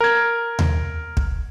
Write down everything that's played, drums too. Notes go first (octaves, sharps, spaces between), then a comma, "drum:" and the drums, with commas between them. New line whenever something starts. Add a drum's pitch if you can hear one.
A#4 G#6
drum: tom D#2
drum: kick